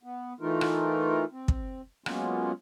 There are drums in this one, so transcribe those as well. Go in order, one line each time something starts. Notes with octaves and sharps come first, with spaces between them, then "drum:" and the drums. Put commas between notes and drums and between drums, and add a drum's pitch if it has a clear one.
B3
E3 A3 D#4 F4 A#4
drum: rim click
C4
drum: kick
F#3 G#3 A#3 B3 C#4 F4, drum: rim click